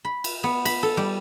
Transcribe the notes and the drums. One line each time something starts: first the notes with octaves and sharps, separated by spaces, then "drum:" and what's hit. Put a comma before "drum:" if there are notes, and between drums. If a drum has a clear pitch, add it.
B5
drum: cymbal
B3
B5, drum: cymbal
A4
G3